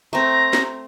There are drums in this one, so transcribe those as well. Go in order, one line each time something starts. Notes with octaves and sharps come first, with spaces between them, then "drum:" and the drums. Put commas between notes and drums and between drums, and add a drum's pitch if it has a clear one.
A3 C4 A#5
drum: snare